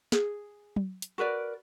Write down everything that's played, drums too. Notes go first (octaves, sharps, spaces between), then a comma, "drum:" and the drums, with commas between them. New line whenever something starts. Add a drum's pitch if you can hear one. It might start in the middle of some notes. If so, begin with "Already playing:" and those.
G#4, drum: snare
drum: tom F#3
drum: hi-hat
F#4 A#4 B4 D5